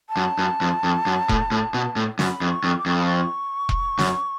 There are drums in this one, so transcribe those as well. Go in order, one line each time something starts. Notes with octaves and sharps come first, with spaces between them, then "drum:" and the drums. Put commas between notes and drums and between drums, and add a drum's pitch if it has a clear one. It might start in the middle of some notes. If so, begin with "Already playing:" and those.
A5
F#2
F#2
F2
F2
F#2
A2, drum: kick E1
A2
B2
A2
F#2 C#6, drum: snare
B5
F2
C#6
F2
D6
F2 C#6
B5
C#6
drum: kick E1
F#2, drum: snare